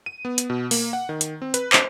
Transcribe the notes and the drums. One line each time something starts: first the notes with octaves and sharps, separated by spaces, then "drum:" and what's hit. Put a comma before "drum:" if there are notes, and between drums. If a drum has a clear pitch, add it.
D#7
B3
drum: hi-hat
B2
A#3, drum: open hi-hat
F#5
D#3
drum: hi-hat
C4
B4, drum: hi-hat
C5, drum: clap